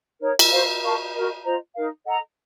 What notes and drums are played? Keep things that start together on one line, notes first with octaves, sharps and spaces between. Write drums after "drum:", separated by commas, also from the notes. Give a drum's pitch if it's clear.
D#4 A#4 C#5
drum: cymbal
F#4 C5 F5
A#4 F5 A5 C#6
F#4 A#4 D#5
F4 C5 D#5 A#5
D#4 A#4 F5
A4 D#5 F#5 A#5